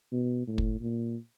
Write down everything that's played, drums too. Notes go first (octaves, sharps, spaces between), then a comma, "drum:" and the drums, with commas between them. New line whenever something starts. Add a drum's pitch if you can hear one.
B2
A2
drum: kick
A#2